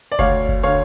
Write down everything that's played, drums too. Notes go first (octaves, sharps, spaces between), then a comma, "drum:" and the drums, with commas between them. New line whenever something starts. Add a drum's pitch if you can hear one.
D5
D2 C#5 F5, drum: kick F#1
drum: kick F#1
D3 C#5 F5